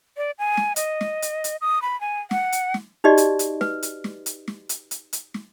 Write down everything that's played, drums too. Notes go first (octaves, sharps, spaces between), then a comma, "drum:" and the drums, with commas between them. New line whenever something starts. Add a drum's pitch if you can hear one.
D5
G#5
drum: snare
D#5, drum: hi-hat
drum: snare
drum: hi-hat
drum: hi-hat
D#6
B5
G#5
F#5, drum: snare
drum: hi-hat
drum: snare
D#4 F#4 G4 D5 D#5
drum: hi-hat
drum: hi-hat
B4, drum: snare
drum: hi-hat
drum: snare
drum: hi-hat
drum: snare
drum: hi-hat
drum: hi-hat
drum: hi-hat
drum: snare